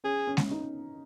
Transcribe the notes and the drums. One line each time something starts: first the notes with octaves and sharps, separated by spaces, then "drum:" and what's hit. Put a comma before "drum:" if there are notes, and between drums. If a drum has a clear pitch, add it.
C#4 G#4
C#4
drum: snare G#3
D#4